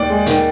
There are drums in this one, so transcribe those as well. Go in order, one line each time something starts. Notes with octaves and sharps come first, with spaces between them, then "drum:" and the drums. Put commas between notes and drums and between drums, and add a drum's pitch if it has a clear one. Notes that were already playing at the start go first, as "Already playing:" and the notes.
Already playing: D#2 D5
G#3
D#3, drum: hi-hat